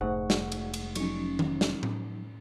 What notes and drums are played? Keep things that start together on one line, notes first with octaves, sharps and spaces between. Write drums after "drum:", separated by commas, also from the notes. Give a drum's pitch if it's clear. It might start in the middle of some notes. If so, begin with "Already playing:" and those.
F1 G#2 A3 F#5 C#6
drum: snare
drum: cymbal
drum: cymbal
F3 F#3 C#4 D#4 C#5, drum: cymbal
drum: tom D#3
drum: snare
drum: tom A2